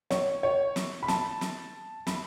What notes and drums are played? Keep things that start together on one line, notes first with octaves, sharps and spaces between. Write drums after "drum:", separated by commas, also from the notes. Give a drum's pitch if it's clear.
C#5, drum: snare
C#5
drum: snare
B5
A5, drum: snare
drum: snare
B5, drum: snare